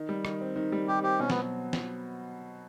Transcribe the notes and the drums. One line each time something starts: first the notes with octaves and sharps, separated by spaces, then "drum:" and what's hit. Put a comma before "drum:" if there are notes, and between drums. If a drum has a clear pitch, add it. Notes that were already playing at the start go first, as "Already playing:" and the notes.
Already playing: D#3
G3
D#3, drum: rim click
C4
D#3
G3
D#3 G4
C4 G4
B2 C#4
F#3 B3, drum: snare
drum: snare